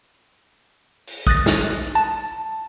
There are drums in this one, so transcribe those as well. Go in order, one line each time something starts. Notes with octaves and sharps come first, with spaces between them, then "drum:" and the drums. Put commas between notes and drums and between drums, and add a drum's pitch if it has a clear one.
drum: open hi-hat
D#6 F#6 A6 A#6, drum: kick
drum: snare
A5